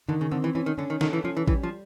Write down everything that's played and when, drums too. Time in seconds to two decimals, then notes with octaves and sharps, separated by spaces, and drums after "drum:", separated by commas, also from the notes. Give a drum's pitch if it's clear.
0.09 D3 D#3
0.21 C#3
0.31 D3 C4
0.44 E3
0.55 E3 C#4
0.66 D#3
0.78 D3 C#4
0.90 D#3
1.01 D#3 A4, drum: snare
1.13 E3
1.24 F3 C#4
1.37 E3
1.48 E3 G3, drum: kick A1
1.63 F3